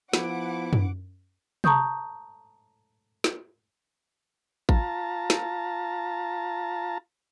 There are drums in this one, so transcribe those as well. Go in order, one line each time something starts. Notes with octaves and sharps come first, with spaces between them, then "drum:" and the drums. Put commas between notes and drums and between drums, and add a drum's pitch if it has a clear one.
F3 B3 E4 F#5 D6, drum: snare
drum: tom F#2
A5 A#5 C#6 D#6 G6, drum: tom C3
drum: snare
F4 A5 A#5, drum: kick A1
drum: snare